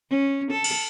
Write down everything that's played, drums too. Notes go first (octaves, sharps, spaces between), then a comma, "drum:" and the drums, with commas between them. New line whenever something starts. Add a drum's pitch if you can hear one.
C#4
A4
drum: cymbal